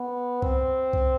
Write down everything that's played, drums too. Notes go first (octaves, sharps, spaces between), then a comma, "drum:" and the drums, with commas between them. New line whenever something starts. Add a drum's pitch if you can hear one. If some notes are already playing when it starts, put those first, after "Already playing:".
Already playing: B3
C4, drum: kick C2
drum: kick C2